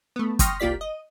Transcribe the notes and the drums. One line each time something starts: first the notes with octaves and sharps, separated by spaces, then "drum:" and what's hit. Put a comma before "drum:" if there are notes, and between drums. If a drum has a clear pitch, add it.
A3 B3
G5 C6 C#6 D#6 F6 A#6, drum: kick, hi-hat
C2 A#3 F4 G4 D5 B6
D#5